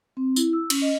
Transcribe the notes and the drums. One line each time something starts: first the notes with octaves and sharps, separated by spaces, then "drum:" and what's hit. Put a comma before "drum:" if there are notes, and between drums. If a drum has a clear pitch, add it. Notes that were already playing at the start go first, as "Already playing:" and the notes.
C4
E4, drum: tambourine
E6
C#4, drum: cymbal
D#5